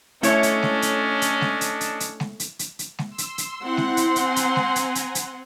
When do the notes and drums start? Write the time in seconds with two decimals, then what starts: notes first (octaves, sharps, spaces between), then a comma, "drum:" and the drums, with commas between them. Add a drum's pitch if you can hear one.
0.23 A3 C#4 D4 E4 A4 C#5 D#5, drum: hi-hat
0.43 drum: hi-hat
0.63 drum: snare
0.82 drum: hi-hat
1.22 drum: hi-hat
1.41 drum: snare
1.61 drum: hi-hat
1.81 drum: hi-hat
2.00 drum: hi-hat
2.20 drum: snare
2.40 drum: hi-hat
2.59 drum: hi-hat
2.79 drum: hi-hat
2.99 drum: snare
3.09 C6 E6
3.18 drum: hi-hat
3.38 drum: hi-hat
3.63 C4 E4 F#5 C6 F#6
3.77 drum: snare
3.97 drum: hi-hat
4.16 G#5 A#5, drum: hi-hat
4.36 drum: hi-hat
4.56 drum: snare
4.76 drum: hi-hat
4.95 drum: hi-hat
5.15 drum: hi-hat